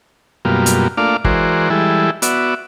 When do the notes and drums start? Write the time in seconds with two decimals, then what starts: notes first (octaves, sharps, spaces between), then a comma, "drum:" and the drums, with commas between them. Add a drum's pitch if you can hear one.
0.45 F#2 B2 G3 A#3 F4
0.66 drum: hi-hat
0.97 A3 A#3 D4 F4 D5 F5
1.24 E3 G#3 F#4 A#4 C5 D5, drum: kick
1.70 E3 G3 G#3 E4 A4
2.22 B3 F#4 D5 E5, drum: hi-hat